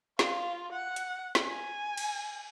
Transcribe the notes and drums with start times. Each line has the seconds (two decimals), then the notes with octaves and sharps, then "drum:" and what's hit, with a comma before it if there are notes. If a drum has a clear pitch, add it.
0.19 F4, drum: snare
0.72 F#5
0.96 drum: hi-hat
1.35 drum: snare
1.46 G#5
1.97 drum: cymbal